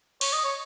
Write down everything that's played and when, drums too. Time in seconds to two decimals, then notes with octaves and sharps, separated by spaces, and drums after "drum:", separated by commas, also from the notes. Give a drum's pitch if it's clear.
0.21 C#5, drum: cymbal
0.33 D#5
0.45 C#5